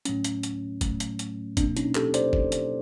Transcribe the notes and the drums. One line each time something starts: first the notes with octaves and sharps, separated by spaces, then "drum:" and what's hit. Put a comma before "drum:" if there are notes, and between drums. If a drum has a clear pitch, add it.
A2 F#3 A3 C#4, drum: hi-hat
drum: hi-hat
drum: hi-hat
A2 F#3 A3, drum: kick F#1, hi-hat
drum: hi-hat
drum: hi-hat
B2 F#3 A#3 C4 D4, drum: kick F#1, hi-hat
C#4 D#4, drum: hi-hat
G4 A4, drum: clap
C5 D5, drum: hi-hat
drum: kick F#1
drum: hi-hat